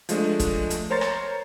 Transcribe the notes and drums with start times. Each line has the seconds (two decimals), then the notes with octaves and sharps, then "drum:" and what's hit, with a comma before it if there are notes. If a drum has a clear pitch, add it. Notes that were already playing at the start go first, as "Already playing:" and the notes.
0.09 F3 G#3 A3 D4, drum: hi-hat
0.40 drum: kick, hi-hat
0.70 drum: hi-hat
0.90 A#4 C5 C#5 A#5 C6 A6
1.01 drum: rim click